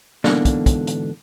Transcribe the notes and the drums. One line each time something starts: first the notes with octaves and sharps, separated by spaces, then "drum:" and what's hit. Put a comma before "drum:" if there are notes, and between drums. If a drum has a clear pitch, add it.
G#2 B2 D3 E3 A#3 D4, drum: snare
drum: kick, hi-hat
drum: kick, hi-hat
drum: hi-hat